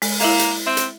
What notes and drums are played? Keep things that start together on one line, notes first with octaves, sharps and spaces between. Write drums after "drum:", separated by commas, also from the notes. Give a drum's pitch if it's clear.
G#3, drum: open hi-hat
A#3 E4 E5 F5, drum: open hi-hat
drum: hi-hat
C4 E5
drum: hi-hat